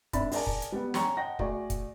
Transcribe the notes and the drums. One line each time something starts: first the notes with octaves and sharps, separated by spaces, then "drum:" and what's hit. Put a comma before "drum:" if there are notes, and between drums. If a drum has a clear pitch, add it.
G#1 D4 E5 B5 A6, drum: kick, hi-hat
G#4 A#4 D5 A5, drum: open hi-hat
drum: kick
drum: hi-hat
G3 B3
G#4 C#5 G5 A#5 C#6, drum: snare
D#5 F#5 G5 A5 A#6
A3 F#4 G#4 D5, drum: kick
drum: kick, hi-hat